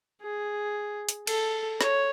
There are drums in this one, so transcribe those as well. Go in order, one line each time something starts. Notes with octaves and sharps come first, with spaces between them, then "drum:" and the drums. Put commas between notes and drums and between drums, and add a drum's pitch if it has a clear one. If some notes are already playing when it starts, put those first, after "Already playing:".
G#4
drum: hi-hat
A4, drum: cymbal
C#5, drum: snare